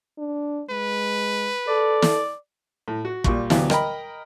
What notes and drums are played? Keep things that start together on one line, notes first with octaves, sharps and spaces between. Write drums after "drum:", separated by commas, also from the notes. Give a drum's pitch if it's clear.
D4
G#3 B4
A4 D5
drum: snare
A2
F#4
A#2 G3 F4 C#6, drum: kick
D2 E3 F#3 B3 G4 F5, drum: snare
A#4 D#5 G5 A#5 B5, drum: rim click